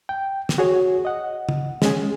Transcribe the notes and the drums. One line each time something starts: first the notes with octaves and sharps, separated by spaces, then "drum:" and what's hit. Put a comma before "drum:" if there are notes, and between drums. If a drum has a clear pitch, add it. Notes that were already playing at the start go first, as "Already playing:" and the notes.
G5
drum: snare
F#4 G#4 C#5
D#5 F#5
drum: tom
G#3 C#4 G#4, drum: snare